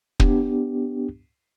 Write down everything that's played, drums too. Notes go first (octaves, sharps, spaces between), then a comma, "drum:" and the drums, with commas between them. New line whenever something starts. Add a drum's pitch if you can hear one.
B3 D4 G4, drum: kick